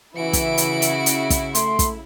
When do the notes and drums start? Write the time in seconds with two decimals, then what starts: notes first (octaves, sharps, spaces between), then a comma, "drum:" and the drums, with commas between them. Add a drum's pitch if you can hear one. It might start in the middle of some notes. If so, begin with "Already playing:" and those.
0.17 C#3 E3 E4 F#4 D7
0.33 drum: kick, hi-hat
0.58 drum: hi-hat
0.82 drum: hi-hat
1.06 drum: hi-hat
1.30 drum: kick, hi-hat
1.55 A3 C6, drum: hi-hat
1.79 drum: kick, hi-hat